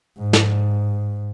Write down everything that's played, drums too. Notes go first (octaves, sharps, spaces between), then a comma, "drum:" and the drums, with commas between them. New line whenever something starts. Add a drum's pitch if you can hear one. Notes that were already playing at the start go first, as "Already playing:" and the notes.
G#2
drum: snare